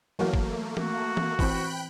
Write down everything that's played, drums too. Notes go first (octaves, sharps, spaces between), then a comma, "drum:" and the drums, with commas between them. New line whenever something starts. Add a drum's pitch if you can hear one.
E3 F#3 A3 A#3 A#4
drum: kick
F#4, drum: tom E3
drum: tom E3
E3 C4 G5 B5 F#6, drum: kick